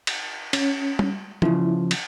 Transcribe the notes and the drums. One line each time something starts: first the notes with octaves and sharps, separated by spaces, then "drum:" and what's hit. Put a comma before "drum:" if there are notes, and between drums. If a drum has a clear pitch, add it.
drum: cymbal
C#4, drum: cymbal
drum: tom G3
C#3 F3 E4, drum: tom
drum: cymbal